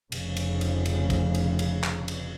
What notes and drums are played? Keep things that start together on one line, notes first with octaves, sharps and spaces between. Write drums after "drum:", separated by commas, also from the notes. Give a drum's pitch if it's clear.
F1 C#3, drum: cymbal
drum: cymbal
drum: cymbal
drum: cymbal
drum: kick, cymbal
drum: cymbal
drum: cymbal
drum: clap
drum: cymbal